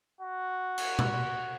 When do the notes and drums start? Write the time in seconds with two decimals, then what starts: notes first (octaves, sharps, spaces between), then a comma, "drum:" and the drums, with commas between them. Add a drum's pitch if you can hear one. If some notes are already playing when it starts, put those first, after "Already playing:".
0.21 F#4
0.78 drum: cymbal
0.99 drum: tom B2